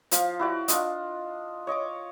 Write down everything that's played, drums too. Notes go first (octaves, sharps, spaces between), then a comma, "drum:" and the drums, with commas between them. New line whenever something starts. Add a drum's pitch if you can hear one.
F3 F5, drum: hi-hat
E4 F#4 D5
D4 F4 D#5, drum: hi-hat
C#5 D#5 C#6 D6